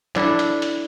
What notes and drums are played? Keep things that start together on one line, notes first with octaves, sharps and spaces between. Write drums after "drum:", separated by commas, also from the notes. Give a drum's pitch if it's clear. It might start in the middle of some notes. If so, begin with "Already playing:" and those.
D4 E4 A4, drum: clap
drum: hi-hat
drum: hi-hat